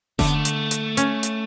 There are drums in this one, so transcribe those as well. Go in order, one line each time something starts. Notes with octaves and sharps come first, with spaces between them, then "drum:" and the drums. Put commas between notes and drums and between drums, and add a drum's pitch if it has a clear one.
D3 A3, drum: snare F1
B3
A3
drum: hi-hat
drum: hi-hat
C#4, drum: hi-hat
drum: hi-hat